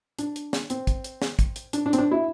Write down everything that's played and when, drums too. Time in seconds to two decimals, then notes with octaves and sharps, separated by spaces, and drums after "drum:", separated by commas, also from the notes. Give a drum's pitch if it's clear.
0.19 D4, drum: hi-hat
0.36 drum: hi-hat
0.53 drum: snare
0.70 C4, drum: hi-hat
0.87 drum: kick, hi-hat
1.04 drum: hi-hat
1.22 drum: snare
1.39 drum: kick, hi-hat
1.56 drum: hi-hat
1.73 D4, drum: hi-hat
1.86 D4
1.93 C4, drum: hi-hat
1.98 D4
2.11 E4